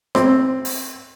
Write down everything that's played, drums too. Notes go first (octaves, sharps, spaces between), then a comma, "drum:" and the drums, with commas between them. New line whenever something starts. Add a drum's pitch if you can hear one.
C4, drum: rim click
drum: open hi-hat